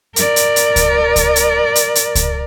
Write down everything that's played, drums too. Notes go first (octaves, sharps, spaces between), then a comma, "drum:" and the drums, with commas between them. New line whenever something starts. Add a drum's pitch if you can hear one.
A#4 D5, drum: hi-hat
drum: hi-hat
drum: hi-hat
drum: kick C#2, hi-hat
drum: kick C#2, hi-hat
drum: hi-hat
drum: hi-hat
drum: hi-hat
drum: kick C#2, hi-hat